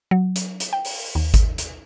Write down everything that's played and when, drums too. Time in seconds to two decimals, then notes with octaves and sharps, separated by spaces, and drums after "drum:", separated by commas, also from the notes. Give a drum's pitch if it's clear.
0.11 F#3
0.36 drum: hi-hat
0.60 drum: hi-hat
0.73 G5
0.85 drum: open hi-hat
1.15 D#2
1.34 drum: kick G#1, hi-hat
1.58 drum: hi-hat